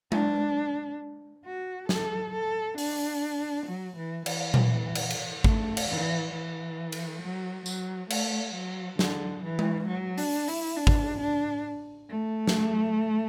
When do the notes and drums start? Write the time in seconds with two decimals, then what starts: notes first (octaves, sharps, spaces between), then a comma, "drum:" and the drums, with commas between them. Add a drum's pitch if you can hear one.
0.12 D4, drum: tom G#3
1.46 F#4
1.89 A4, drum: snare
2.33 A4
2.78 D4, drum: open hi-hat
3.66 F#3
3.97 E3
4.26 E3, drum: cymbal
4.54 drum: tom A#2
4.95 drum: cymbal
5.10 drum: cymbal
5.44 A3, drum: kick
5.77 drum: cymbal
5.89 E3
6.33 E3
6.92 drum: cymbal
7.22 F#3
7.66 F#3, drum: tambourine
8.10 A3, drum: cymbal
8.54 F#3
8.99 D3, drum: snare
9.44 E3
9.59 drum: tom G#3
9.88 F#3
10.18 D4, drum: open hi-hat
10.48 E4, drum: open hi-hat
10.77 D4
10.87 drum: kick
11.21 D4
12.09 A3
12.47 drum: snare